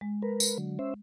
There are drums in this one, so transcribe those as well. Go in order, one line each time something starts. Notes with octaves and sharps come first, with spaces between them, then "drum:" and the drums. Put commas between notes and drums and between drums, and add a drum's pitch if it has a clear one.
G#3
A#4 B4
drum: tambourine
D3 F#3
C#4 C5 E5